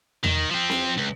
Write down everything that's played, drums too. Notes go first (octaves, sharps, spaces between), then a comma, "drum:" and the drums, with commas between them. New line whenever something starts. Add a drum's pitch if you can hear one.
D#3, drum: tom E2
F3 C4
drum: snare C4
C#2